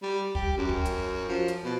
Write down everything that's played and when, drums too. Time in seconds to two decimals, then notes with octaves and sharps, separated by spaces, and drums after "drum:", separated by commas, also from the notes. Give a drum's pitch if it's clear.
0.02 G3
0.35 G4, drum: kick
0.57 F#2
0.69 drum: kick
0.85 drum: hi-hat
1.29 F3
1.48 drum: hi-hat
1.64 B2